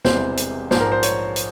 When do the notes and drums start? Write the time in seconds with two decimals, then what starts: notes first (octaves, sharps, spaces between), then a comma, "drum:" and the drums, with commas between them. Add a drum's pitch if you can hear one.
0.05 E1 E2 C3 E3 G3 C5, drum: snare
0.37 drum: hi-hat
0.71 A#1 G#2 F3 C5, drum: snare
0.81 A#4
0.92 C5
1.03 C#5, drum: hi-hat
1.36 drum: hi-hat